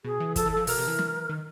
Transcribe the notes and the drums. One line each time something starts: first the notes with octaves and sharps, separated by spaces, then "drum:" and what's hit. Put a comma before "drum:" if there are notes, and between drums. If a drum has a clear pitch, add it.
B2 G#4
E3
F3 A4, drum: kick, hi-hat
E3
F3 A4
B2 A#4, drum: open hi-hat
C3
E3
drum: snare
D#3